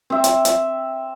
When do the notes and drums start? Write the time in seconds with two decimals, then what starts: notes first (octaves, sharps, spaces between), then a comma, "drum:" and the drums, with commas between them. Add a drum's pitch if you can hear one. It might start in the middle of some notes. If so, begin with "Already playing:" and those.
0.10 C4 E5
0.24 drum: hi-hat
0.45 drum: hi-hat